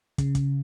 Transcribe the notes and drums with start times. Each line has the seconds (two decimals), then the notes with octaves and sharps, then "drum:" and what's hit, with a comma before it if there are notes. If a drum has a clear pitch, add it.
0.18 C#3, drum: kick, hi-hat
0.35 drum: kick, hi-hat